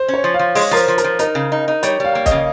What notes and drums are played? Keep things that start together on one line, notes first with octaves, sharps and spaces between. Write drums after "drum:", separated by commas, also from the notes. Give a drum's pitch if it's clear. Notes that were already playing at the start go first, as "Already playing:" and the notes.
Already playing: C5
C#4
C#5
F3
F5
F3
G#3 C#5, drum: open hi-hat
F3 A#4
C5, drum: hi-hat
F3
A#4, drum: hi-hat
F3
D#4 A#4, drum: hi-hat
C#3
D#4
D#4
G3 C#5, drum: hi-hat
G3 F5
A#3
D#5, drum: kick, hi-hat
C#3